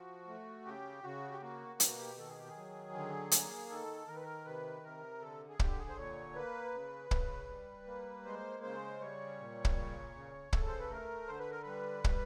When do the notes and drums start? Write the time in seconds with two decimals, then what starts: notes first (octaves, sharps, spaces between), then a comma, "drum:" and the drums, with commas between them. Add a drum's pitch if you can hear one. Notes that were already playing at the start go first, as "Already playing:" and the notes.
Already playing: F3 F#4
0.28 A3
0.66 C#3 G4
1.04 C#3 F#4
1.32 G4
1.41 A#3 F#4
1.80 B2 G4, drum: hi-hat
1.88 F#4
1.98 G4
2.17 D#3 A4
2.28 G#4
2.38 G4
2.48 G#4
2.56 F#3
2.94 D3
3.31 A#3, drum: hi-hat
3.69 D#3 A4
4.08 D#3 A#4
4.16 B4
4.23 A#4
4.45 C3 B4
4.83 C3 A#4
5.22 D3 A4
5.49 G#4
5.59 D3 G4, drum: kick
5.78 G#4
5.89 C5
5.97 A#2 C#5
6.35 A#3 B4
6.74 C#3
7.11 C#3, drum: kick
7.49 G3
7.87 A#3
8.25 G#3 C5
8.63 C#3 C5
9.01 G3 C#5
9.39 A#2
9.65 drum: kick
9.77 C#3
10.15 C#3
10.53 C#3 A4, drum: kick
10.67 C5
10.79 B4
10.90 A3 A#4
11.28 D3 C5
11.39 B4
11.51 A#4
11.63 G3 B4
12.04 G3, drum: kick